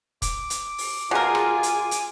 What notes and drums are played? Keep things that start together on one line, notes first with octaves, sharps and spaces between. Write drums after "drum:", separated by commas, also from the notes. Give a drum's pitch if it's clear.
D6, drum: kick, hi-hat
drum: hi-hat
drum: open hi-hat
B2 F4 G#4 A#4 G#5
drum: rim click
drum: hi-hat
drum: hi-hat